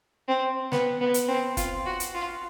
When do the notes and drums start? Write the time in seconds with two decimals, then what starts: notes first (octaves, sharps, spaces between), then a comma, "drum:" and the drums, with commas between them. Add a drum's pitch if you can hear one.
0.28 C4
0.72 B3, drum: snare
1.00 B3
1.14 drum: hi-hat
1.28 C4
1.57 F4, drum: kick, hi-hat
1.86 F#4
2.00 drum: hi-hat
2.15 F4